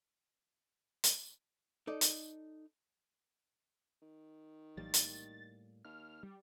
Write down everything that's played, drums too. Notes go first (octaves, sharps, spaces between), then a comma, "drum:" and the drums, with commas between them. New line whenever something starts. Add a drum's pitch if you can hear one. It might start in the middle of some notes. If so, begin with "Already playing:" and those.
drum: hi-hat
D#4 A4 D5
drum: hi-hat
D#3
A#1 A2 E3 F#3 G3 A#3 A6
drum: hi-hat
D#2 F6
G3